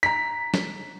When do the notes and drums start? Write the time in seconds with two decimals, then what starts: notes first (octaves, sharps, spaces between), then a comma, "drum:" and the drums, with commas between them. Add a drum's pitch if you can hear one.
0.03 A#5 B6
0.54 drum: snare